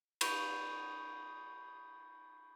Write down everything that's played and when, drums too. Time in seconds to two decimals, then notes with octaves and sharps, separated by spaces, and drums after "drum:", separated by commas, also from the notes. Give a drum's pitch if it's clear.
0.21 B5 C#6 G6 D#7 F7, drum: cymbal